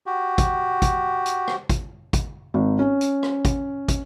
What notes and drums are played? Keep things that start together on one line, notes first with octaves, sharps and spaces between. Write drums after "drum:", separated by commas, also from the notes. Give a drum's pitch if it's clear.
F#4 G4
drum: kick, hi-hat
drum: kick, hi-hat
drum: hi-hat
drum: rim click
drum: kick, hi-hat
drum: kick, hi-hat
G#1
C#4
drum: hi-hat
drum: rim click
drum: kick, hi-hat
drum: kick, hi-hat